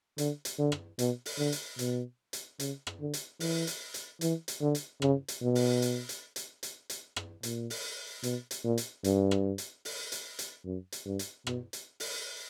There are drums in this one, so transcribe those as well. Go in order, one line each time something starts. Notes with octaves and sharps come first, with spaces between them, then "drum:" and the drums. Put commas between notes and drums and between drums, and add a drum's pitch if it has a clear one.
D3, drum: hi-hat
drum: hi-hat
D3
drum: rim click
B2, drum: hi-hat
drum: open hi-hat
D3
drum: hi-hat
B2, drum: hi-hat
drum: hi-hat
C#3, drum: hi-hat
drum: rim click
D3
drum: hi-hat
E3, drum: open hi-hat
drum: hi-hat
drum: hi-hat
E3, drum: hi-hat
drum: hi-hat
D3
drum: hi-hat
C#3, drum: rim click
drum: hi-hat
B2
drum: open hi-hat
drum: hi-hat
drum: hi-hat
drum: hi-hat
drum: hi-hat
drum: hi-hat
drum: rim click
A#2, drum: hi-hat
drum: open hi-hat
B2, drum: hi-hat
drum: hi-hat
A#2
drum: hi-hat
G2, drum: hi-hat
drum: rim click
drum: hi-hat
drum: open hi-hat
drum: hi-hat
drum: hi-hat
F#2
drum: hi-hat
G2
drum: hi-hat
B2, drum: rim click
drum: hi-hat
drum: open hi-hat